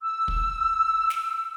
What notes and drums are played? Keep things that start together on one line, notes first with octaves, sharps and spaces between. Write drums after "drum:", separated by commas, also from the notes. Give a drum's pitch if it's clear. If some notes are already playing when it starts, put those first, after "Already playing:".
E6
drum: kick
drum: snare